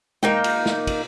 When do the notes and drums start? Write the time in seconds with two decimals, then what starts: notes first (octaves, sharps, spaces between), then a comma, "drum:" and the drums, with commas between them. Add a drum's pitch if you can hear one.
0.23 A#3 D#4 G5, drum: tom G#3
0.44 drum: cymbal
0.66 drum: snare
0.87 drum: kick, cymbal